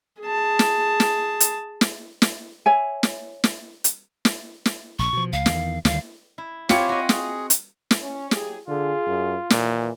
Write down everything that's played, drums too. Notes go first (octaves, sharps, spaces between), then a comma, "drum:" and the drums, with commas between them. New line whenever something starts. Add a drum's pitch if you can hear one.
G#4 A5
drum: snare
drum: snare
drum: hi-hat
drum: snare
drum: snare
C#5 E5 G#5
drum: snare
drum: snare
drum: hi-hat
drum: snare
drum: snare
A#1 C#6
B2 F3
C#2 F5
E2 D#3, drum: snare
D2 D#3 G3 F5, drum: snare
E4
C4 E4 F4 G4 G#4 C#5 C#7, drum: snare
F#4 D#5
G#4, drum: snare
drum: hi-hat
drum: snare
C#4
F#3 G4 G#4, drum: snare
D3 F4 G#4
F#2
D#2 A#2 E3, drum: snare